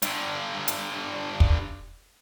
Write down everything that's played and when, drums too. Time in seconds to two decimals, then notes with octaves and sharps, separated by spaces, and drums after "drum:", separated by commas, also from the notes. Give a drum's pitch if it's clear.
0.02 G2 D3, drum: hi-hat
0.68 drum: hi-hat
1.40 drum: kick